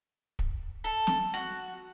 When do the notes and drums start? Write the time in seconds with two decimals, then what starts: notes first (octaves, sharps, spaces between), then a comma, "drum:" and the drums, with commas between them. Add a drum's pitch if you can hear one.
0.39 drum: kick
0.84 A4
1.07 drum: snare
1.34 F#4